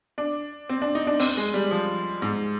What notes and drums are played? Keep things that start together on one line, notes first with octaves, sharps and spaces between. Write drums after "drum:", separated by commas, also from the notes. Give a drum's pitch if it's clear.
D4
C4
D4
D#4
D4
C4, drum: open hi-hat
G#3
G3
F3
G#2